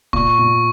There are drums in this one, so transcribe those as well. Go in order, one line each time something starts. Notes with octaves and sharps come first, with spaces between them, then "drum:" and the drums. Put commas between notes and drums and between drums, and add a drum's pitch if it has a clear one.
A#2 C#6, drum: kick
A#2